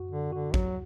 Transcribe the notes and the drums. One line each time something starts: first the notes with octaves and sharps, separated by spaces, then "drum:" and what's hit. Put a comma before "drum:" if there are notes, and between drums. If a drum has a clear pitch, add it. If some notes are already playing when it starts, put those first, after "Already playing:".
Already playing: F#2 F#4
D3
D3 F#4
F#3, drum: kick